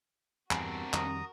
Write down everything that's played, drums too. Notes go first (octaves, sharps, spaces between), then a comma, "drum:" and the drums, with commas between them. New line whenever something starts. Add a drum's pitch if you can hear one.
E2 G2 C4 D4 F#4 A#4, drum: clap
F2 D#3 G3 A#5 D#6, drum: clap